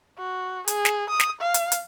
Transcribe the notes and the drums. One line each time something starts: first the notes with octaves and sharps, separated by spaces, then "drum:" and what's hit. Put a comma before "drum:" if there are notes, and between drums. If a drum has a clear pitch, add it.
F#4
G#4, drum: hi-hat
drum: snare
D#6
drum: snare
F5
drum: hi-hat
drum: hi-hat